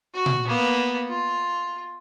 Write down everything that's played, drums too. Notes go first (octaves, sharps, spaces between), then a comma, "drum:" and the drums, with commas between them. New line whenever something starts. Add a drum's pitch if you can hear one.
F#4
drum: tom A#2
A#3 B3
F4